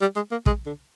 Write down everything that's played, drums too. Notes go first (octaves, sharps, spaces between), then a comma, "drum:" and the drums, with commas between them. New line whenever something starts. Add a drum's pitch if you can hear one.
G3
G#3
A#3
G#3, drum: kick
D3